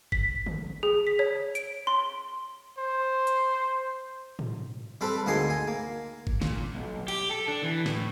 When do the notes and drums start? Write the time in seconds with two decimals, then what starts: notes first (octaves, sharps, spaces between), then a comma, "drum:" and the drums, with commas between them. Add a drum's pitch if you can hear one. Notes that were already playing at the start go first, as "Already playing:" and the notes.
0.12 B6, drum: kick G1
0.46 drum: tom
0.83 G#4
1.07 B6
1.19 C#5
1.55 D7, drum: hi-hat
1.87 C6
2.78 C5
3.27 drum: hi-hat
4.39 drum: tom
5.01 G3 C4 A4 B4
5.26 D2 G#2 A#3 D#5 G#5 C6
5.50 G#5
5.68 A#3
6.27 drum: kick G1
6.42 A#2, drum: snare
6.74 B1
7.08 G4, drum: cymbal
7.30 A4
7.47 D4
7.63 E3
7.86 A2, drum: snare